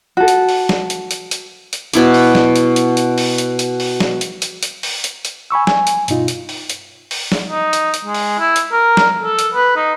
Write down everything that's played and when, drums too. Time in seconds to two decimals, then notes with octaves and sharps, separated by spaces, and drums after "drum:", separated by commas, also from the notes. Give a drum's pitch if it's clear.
0.17 F#4 A4
0.28 drum: hi-hat
0.49 drum: open hi-hat
0.69 drum: snare
0.90 drum: hi-hat
1.11 drum: hi-hat
1.31 drum: hi-hat
1.73 drum: hi-hat
1.93 B2 E4 D6, drum: hi-hat
2.14 drum: open hi-hat
2.35 drum: snare
2.56 drum: hi-hat
2.76 drum: hi-hat
2.97 drum: hi-hat
3.18 drum: open hi-hat
3.38 drum: hi-hat
3.59 drum: hi-hat
3.80 drum: open hi-hat
4.00 drum: snare
4.21 drum: hi-hat
4.42 drum: hi-hat
4.63 drum: hi-hat
4.83 drum: open hi-hat
5.04 drum: hi-hat
5.25 drum: hi-hat
5.51 G#5 B5 C#6 E6
5.67 G#5, drum: snare
5.87 drum: hi-hat
6.08 G2 B2 D#4 F4, drum: hi-hat
6.28 drum: hi-hat
6.49 drum: open hi-hat
6.70 drum: hi-hat
7.11 drum: open hi-hat
7.32 drum: snare
7.49 D#4
7.73 drum: hi-hat
7.94 drum: hi-hat
8.05 G#3
8.14 drum: open hi-hat
8.39 E4
8.56 drum: hi-hat
8.72 A#4
8.97 drum: snare
9.22 A4
9.39 drum: hi-hat
9.54 B4
9.76 D#4